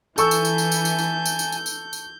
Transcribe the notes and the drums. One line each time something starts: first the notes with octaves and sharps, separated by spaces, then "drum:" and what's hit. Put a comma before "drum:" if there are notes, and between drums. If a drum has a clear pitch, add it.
E3 A4 G#5 A5 C#6 E6 G6, drum: tambourine
drum: tambourine
drum: tambourine
drum: tambourine
drum: tambourine
drum: tambourine
drum: tambourine
drum: tambourine
drum: tambourine
drum: tambourine
drum: tambourine
drum: tambourine